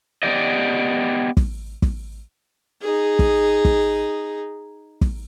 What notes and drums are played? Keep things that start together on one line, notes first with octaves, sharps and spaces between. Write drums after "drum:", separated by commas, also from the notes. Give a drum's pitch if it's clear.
B3 G4 D5 D#5
drum: kick
drum: kick
D#4 G#4
drum: kick
drum: kick
drum: kick